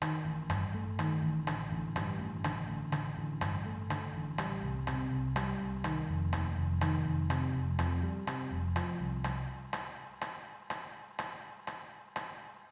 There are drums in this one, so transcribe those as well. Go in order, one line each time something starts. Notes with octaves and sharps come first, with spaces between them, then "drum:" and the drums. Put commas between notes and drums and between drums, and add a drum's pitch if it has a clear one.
D#3, drum: rim click
A1
G2, drum: rim click
A3
D#3, drum: rim click
A1
D3, drum: rim click
A1
G2, drum: rim click
A1
D3, drum: rim click
A1
D3, drum: rim click
A1
G2, drum: rim click
A3
D3, drum: rim click
A1
G3, drum: rim click
C2
C3, drum: rim click
C2
G3, drum: rim click
C2
D#3, drum: rim click
F1
D#2, drum: rim click
F1
D#3, drum: rim click
F1
C3, drum: rim click
F1
F2, drum: rim click
G3
C3, drum: rim click
F1
F3, drum: rim click
C2
drum: rim click
drum: rim click
drum: rim click
drum: rim click
drum: rim click
drum: rim click
drum: rim click